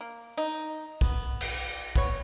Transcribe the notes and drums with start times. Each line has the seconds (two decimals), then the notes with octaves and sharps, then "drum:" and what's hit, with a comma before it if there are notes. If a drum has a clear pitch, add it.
0.01 A#3
0.38 D#4
1.01 B3, drum: kick
1.41 drum: cymbal
1.96 B3 C#5, drum: kick